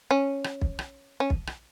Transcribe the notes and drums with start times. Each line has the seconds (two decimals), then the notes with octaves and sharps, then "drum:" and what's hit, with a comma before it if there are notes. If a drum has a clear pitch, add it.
0.11 C#4
0.44 drum: rim click
0.61 drum: kick
0.79 drum: rim click
1.20 C#4
1.30 drum: kick
1.47 drum: rim click